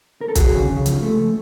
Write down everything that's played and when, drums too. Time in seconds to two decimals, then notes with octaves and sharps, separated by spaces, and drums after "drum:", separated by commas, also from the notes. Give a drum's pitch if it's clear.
0.21 A#4
0.28 A4
0.35 F2 F#4 G#4, drum: kick, hi-hat
0.53 C#3
0.69 C#3
0.86 F3, drum: hi-hat
1.02 A3